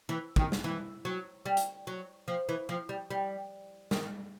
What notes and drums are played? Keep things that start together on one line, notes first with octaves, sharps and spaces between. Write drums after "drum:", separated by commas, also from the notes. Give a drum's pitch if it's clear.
E3
D#3, drum: kick
drum: snare
E3
F#3
G3
drum: hi-hat
F#3
F3
E3
F3
G3
G3
D#3, drum: snare